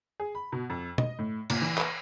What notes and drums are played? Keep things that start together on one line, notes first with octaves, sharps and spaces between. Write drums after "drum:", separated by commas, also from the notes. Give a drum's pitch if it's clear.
G#4
B5
B2
F2
D#5, drum: tom
A2
A#2, drum: cymbal
E3
B4, drum: clap